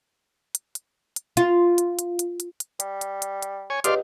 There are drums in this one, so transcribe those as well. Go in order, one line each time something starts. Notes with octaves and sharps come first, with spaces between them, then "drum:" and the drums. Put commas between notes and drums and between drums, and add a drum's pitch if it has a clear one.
drum: hi-hat
drum: hi-hat
drum: hi-hat
F4, drum: hi-hat
drum: hi-hat
drum: hi-hat
drum: hi-hat
drum: hi-hat
drum: hi-hat
G3, drum: hi-hat
drum: hi-hat
drum: hi-hat
drum: hi-hat
C#5 G#5
C#2 G4 B4 D5 D#5 F5 C6, drum: hi-hat